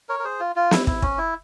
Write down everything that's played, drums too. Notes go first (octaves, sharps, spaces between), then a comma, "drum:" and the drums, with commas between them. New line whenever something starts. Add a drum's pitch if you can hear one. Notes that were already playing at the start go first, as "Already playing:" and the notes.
A#4 C#5
A#4
G#4 C5
F4
F4
E4, drum: snare
E4, drum: kick
C#4, drum: kick
E4